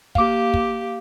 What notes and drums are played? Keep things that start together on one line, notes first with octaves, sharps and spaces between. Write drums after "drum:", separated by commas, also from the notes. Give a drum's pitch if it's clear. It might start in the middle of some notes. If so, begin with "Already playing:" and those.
A#3 G4 F5 D6, drum: kick
drum: kick